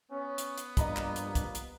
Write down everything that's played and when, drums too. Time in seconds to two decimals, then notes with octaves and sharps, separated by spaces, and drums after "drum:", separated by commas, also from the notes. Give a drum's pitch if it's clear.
0.11 B3 C#4
0.38 drum: hi-hat
0.58 drum: hi-hat
0.77 G2 F3 G3 A#3 D4 D#5 A#5 B5, drum: kick, hi-hat
0.96 drum: clap
1.16 drum: hi-hat
1.35 drum: kick, hi-hat
1.55 drum: hi-hat